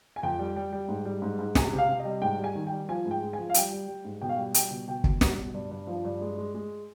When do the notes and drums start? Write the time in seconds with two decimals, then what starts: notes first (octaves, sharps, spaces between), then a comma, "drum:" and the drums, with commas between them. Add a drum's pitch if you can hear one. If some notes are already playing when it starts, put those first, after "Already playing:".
0.16 G#5
0.23 F2 G5
0.39 G3
0.56 G3
0.72 G3
0.89 G#2
1.05 G3
1.22 G#2
1.39 G#2
1.55 C3 G#5, drum: snare
1.73 C3
1.78 F5
1.89 C3
1.99 D#5
2.05 G3
2.22 G#2 G5
2.39 G3
2.44 G#5
2.55 D#3
2.67 G3 G5
2.89 F3 G#5
3.06 G#2
3.11 G5
3.22 G#3
3.33 F3 G#5
3.50 F5
3.54 G3 G5, drum: hi-hat
3.72 G3
3.88 G3
4.05 G#2
4.21 B2 G5
4.29 F5
4.36 G3 G5
4.54 G3 G5, drum: hi-hat
4.71 B2
4.88 B2 G5
5.04 B2, drum: kick
5.21 G3, drum: snare
5.37 B2
5.54 G2
5.71 G2
5.87 F3
6.05 G2
6.21 G#3
6.38 G#3
6.54 G#3